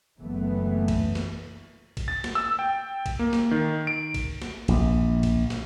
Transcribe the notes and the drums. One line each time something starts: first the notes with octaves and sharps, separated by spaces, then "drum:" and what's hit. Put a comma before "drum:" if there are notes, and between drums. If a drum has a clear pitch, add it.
F#1 E3 A3 B3
drum: kick, cymbal
drum: snare
drum: kick, cymbal
A6
drum: snare
E6
G5
drum: kick, cymbal
A#3
drum: snare
D#3
D7
drum: kick, cymbal
drum: snare
A#1, drum: cymbal
drum: kick, cymbal
drum: snare